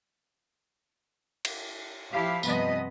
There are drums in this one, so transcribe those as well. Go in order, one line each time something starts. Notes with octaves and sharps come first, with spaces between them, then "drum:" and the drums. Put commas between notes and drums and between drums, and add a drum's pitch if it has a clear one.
drum: cymbal
F3 E4 G4 F5
G2 C3 F3 B3 B4 D#5, drum: tambourine